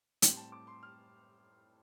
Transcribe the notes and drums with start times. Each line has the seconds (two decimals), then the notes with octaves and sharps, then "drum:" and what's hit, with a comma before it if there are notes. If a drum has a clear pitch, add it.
0.22 A2 G3 C4 G5, drum: hi-hat
0.37 A5
0.52 D6
0.67 C6
0.83 F6